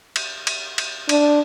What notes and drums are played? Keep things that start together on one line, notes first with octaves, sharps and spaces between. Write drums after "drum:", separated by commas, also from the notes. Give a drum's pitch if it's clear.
drum: cymbal
drum: cymbal
drum: cymbal
D4, drum: cymbal